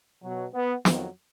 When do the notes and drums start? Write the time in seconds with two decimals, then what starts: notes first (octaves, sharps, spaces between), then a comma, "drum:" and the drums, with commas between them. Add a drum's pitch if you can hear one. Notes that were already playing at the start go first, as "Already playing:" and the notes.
0.23 B2 F#3
0.54 B3
0.85 F2 D#3 F#3, drum: snare